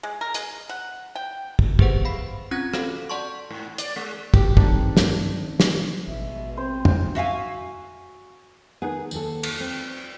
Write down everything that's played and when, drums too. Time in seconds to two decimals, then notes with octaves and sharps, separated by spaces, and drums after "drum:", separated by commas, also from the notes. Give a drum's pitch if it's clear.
0.03 G#3
0.21 A#4
0.34 G#3, drum: hi-hat
0.69 F#5
1.15 G5
1.59 drum: kick
1.79 B3 G4 G#4 B4 C5 F#5, drum: kick
2.05 F5 B5 C7
2.51 C4 C#4 F4 F#5 G#6 A#6
2.73 F#4 A4 F5 F#5, drum: rim click
3.10 D5 F#5 A5 C6 C#6
3.51 G#2
3.78 D5, drum: hi-hat
3.96 G#3
4.34 G4, drum: kick
4.57 G2 D#3 C4 D4 D#4 A4, drum: kick
4.97 drum: snare
5.60 drum: snare
6.08 A1 B2 G#3 E5
6.57 C4 C5
6.85 drum: tom
7.15 F#4 E5 F5 G#5
8.82 D#3 G#3 B3 G#4
9.11 D#2 A4, drum: tambourine
9.43 drum: cymbal
9.60 C4